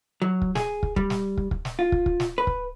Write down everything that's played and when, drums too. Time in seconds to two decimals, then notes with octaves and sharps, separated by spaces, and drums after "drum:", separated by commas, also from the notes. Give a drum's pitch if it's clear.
0.22 F#3
0.42 drum: kick
0.55 G#4, drum: snare
0.83 drum: kick
0.96 G3, drum: kick
1.10 drum: snare
1.37 drum: kick
1.51 drum: kick
1.65 drum: snare
1.79 F4
1.92 drum: kick
2.06 drum: kick
2.20 drum: snare
2.38 B4
2.47 drum: kick